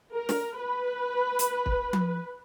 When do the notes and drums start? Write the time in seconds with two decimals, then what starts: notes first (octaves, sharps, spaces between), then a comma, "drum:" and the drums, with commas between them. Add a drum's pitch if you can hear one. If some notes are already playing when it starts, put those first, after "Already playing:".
0.14 A#4
0.29 drum: snare
0.59 B4
1.39 drum: hi-hat
1.66 drum: kick
1.93 drum: tom F3